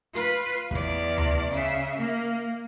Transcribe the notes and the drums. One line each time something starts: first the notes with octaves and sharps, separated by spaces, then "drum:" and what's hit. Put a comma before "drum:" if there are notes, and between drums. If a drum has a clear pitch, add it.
F4 B4
E2 D5, drum: kick
drum: tom D2
C#3 E5
A#3